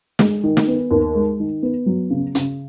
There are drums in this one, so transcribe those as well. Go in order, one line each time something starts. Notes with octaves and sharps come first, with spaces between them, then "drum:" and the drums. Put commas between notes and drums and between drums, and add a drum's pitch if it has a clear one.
G#3, drum: snare
D#3
drum: snare
B3
D#2
G#3
D#3
B3
F#3
C#3
C#3, drum: hi-hat